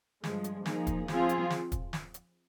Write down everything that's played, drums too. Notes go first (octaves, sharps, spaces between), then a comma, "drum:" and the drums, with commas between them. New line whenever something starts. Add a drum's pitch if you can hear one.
G2 F3 G#3, drum: snare
drum: hi-hat
F3 A#3 D#4 G#4, drum: snare
drum: kick, hi-hat
F3 C4 F4 G#4, drum: snare
drum: hi-hat
drum: snare
drum: kick, hi-hat
drum: snare
drum: hi-hat